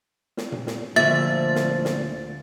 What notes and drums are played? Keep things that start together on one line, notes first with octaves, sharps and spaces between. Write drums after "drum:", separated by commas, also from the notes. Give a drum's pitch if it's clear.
drum: snare
drum: tom A#2
drum: snare
D2 A#2 F3 E5 A6
drum: snare
drum: snare